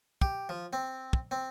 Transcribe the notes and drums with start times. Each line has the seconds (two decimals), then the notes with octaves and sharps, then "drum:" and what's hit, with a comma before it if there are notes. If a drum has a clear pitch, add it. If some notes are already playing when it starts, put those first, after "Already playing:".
0.22 G4, drum: kick
0.49 F3
0.73 C4
1.13 drum: kick
1.31 C4